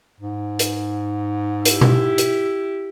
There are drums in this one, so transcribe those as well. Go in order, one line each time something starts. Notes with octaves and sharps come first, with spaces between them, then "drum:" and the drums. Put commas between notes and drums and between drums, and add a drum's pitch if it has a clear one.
G#2
drum: hi-hat
E4 G4, drum: hi-hat
drum: tom B2
drum: hi-hat